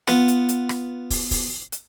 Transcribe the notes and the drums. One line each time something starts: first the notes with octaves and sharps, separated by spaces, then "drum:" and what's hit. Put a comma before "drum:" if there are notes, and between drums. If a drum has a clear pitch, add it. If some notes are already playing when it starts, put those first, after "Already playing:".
B3 F4 F#5, drum: rim click
drum: hi-hat
drum: hi-hat
drum: rim click
drum: kick, open hi-hat
drum: kick, open hi-hat
drum: hi-hat